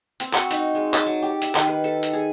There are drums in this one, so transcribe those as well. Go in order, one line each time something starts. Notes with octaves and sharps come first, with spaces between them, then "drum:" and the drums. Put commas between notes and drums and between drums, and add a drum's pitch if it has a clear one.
C4, drum: hi-hat
F#4, drum: clap
D#4, drum: hi-hat
G#3
A5, drum: clap
F#3
G4
E5, drum: hi-hat
D#3, drum: clap
B4
A4
drum: hi-hat
G#4